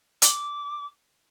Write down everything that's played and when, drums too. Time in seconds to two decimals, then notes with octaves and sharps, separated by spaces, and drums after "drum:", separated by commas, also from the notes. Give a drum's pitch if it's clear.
0.22 D6, drum: hi-hat